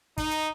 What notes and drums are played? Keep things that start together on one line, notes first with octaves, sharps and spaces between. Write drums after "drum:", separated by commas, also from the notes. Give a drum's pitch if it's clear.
D#4, drum: kick, hi-hat
drum: hi-hat